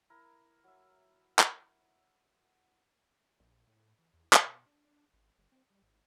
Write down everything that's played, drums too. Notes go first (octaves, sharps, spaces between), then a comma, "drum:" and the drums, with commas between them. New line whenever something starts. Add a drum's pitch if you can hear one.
E4 A#4 A#5
F#3 E5
drum: clap
A#1
A2
E3
E2
A1, drum: clap
B2
D4
G#1
F#1
C4
G3
G#1